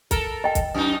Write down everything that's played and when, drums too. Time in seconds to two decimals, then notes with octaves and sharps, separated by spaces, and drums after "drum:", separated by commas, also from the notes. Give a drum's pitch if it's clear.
0.11 A4 A#4, drum: kick, hi-hat
0.44 D#5 G5
0.55 drum: kick, hi-hat
0.75 F#2 D#4